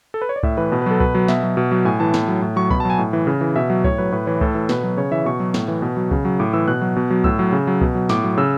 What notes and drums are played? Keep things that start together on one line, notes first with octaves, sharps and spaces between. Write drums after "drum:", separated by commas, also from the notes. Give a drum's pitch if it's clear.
A4
B4
C#5
D5
A2 E5, drum: kick C2
E3 B4
B2 B4
B4
F#3 A4
B2 B4, drum: kick C2
F#3
B2 E5, drum: snare
F#3
B2
F#3
A2 G#5
E3 A5
A2, drum: snare
F#3
A2
F#3 C#6
B2 B5, drum: kick C2
A5
F#3 G#5
A2
E3
C#3
E3
B2 E5
F#3
A2 C#5, drum: kick C2
F#3 B4
A2 B4
E3 C#5
A2 A4, drum: kick C2
E3
B2 B4, drum: snare
F#3
C#3 C#5
E3 E5
B2 C#6
F#3
A2, drum: snare
E3
B2
F#3
C#3, drum: kick C2
F#3
A2 D6
E3 E6
B2 F#6
F#3
B2
F#3
A2 E6, drum: kick C2
F#3
C#3
F#3
B2, drum: kick C2
F#3
A2 D6, drum: snare
F#3
C#3 E6